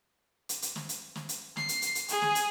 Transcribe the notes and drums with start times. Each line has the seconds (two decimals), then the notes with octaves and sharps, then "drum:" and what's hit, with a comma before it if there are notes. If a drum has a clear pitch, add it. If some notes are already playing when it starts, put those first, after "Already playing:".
0.49 drum: hi-hat
0.62 drum: hi-hat
0.76 drum: snare
0.89 drum: hi-hat
1.15 drum: snare
1.29 drum: hi-hat
1.57 C7, drum: snare
1.69 drum: hi-hat
1.82 drum: hi-hat
1.95 drum: hi-hat
2.08 G#4, drum: hi-hat
2.22 drum: snare
2.35 drum: hi-hat